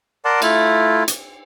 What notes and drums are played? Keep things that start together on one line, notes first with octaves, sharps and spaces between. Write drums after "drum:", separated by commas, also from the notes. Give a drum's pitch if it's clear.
A#4 D5 F#5 A5 C6 D6
A3 E4 F4, drum: cymbal
drum: hi-hat